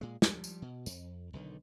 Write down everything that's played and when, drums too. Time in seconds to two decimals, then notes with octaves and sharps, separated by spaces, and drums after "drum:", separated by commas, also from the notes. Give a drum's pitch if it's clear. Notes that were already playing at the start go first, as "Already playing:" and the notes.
0.01 A#2 G#3
0.22 F3 G3, drum: snare
0.44 drum: tambourine
0.62 B2
0.86 F2, drum: tambourine
1.33 B1 D3 D#3